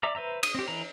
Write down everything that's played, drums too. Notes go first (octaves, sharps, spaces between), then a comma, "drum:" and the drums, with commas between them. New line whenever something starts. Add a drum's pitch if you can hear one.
D5 E5 A#5
B4 C5 E5 A#5
D#6, drum: cymbal
C4 G4
E3 B4 A#5